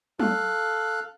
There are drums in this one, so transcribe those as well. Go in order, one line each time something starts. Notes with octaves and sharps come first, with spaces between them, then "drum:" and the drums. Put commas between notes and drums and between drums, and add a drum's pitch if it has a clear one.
A4 F5 F#6, drum: tom F#3